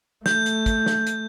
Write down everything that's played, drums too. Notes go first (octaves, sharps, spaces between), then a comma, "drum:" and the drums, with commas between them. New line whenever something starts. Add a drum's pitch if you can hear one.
A3 G6, drum: snare
drum: hi-hat
drum: kick, hi-hat
drum: snare
drum: hi-hat